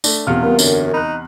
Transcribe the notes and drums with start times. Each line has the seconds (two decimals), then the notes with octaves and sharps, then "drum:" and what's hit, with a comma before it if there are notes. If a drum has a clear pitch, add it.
0.04 A3 D4, drum: tambourine
0.27 E1 E2 C3 F4 F6
0.43 G3 A#3 B3 A#4
0.59 F#2 D3, drum: tambourine
0.94 D#4 B5 F#6